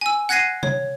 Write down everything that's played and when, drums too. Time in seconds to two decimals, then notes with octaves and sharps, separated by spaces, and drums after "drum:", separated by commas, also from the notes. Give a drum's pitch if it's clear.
0.01 G#5 E6
0.29 F#5 F#6 G#6 A#6 C7 D#7
0.63 C#5, drum: tom C3